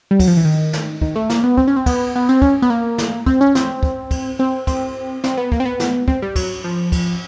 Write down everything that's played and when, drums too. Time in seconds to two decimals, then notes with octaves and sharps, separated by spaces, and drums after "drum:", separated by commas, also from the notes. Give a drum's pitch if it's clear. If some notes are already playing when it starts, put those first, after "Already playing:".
0.11 G3
0.20 F#3, drum: kick, cymbal
0.28 F3
0.37 E3
0.45 D#3
0.73 drum: snare
1.01 D#3, drum: kick
1.16 A3
1.30 A#3, drum: snare
1.44 B3
1.57 C4, drum: kick
1.68 C#4
1.76 C4
1.86 B3, drum: kick, cymbal
2.16 B3
2.29 C4
2.42 C#4, drum: kick
2.62 B3
2.70 A#3
2.98 drum: snare
3.26 C4, drum: kick
3.41 C#4
3.55 C4, drum: snare
3.83 drum: kick
4.11 drum: kick, cymbal
4.39 C4
4.67 C4, drum: kick, cymbal
5.24 C4, drum: snare
5.37 B3
5.52 A#3, drum: kick
5.60 C4
5.66 B3
5.80 drum: snare
6.08 C4, drum: kick
6.22 G3
6.36 F#3, drum: kick, cymbal
6.64 F3
6.92 drum: kick, cymbal